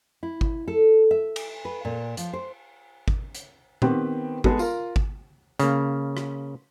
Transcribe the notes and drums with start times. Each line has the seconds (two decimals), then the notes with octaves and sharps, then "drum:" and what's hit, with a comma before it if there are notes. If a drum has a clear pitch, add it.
0.23 E4
0.41 drum: kick G#1
0.68 A4
1.11 E5
1.36 drum: cymbal
1.65 B4
1.85 A#2
2.17 F3, drum: hi-hat
2.33 C5
3.08 drum: kick G#1
3.35 drum: hi-hat
3.82 D#3 B3 C4 G4 B4, drum: tom A#2
4.44 G#3 B3 G#4 A4, drum: kick G#1
4.59 F4 A#4, drum: tambourine
4.96 drum: kick G#1
5.59 C#3 A#3, drum: hi-hat
6.17 drum: rim click